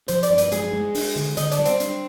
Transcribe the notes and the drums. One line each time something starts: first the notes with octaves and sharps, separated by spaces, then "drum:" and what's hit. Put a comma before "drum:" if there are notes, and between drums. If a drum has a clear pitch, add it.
F3 C5, drum: hi-hat
D5, drum: hi-hat
G2
B4, drum: hi-hat
G#3 G#4, drum: hi-hat
G#3
D4, drum: open hi-hat
D3
D3 D#4, drum: hi-hat
D4, drum: hi-hat
G3
C4, drum: hi-hat
D4, drum: hi-hat